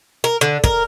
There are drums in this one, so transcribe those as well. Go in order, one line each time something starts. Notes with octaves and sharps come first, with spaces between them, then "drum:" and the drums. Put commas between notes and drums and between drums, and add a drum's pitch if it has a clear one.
A#4
D3
A#4, drum: kick